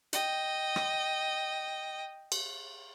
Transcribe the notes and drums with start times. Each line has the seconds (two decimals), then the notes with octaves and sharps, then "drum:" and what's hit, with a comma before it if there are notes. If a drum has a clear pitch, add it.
0.13 D#5 G5, drum: hi-hat
0.76 drum: rim click
2.32 drum: cymbal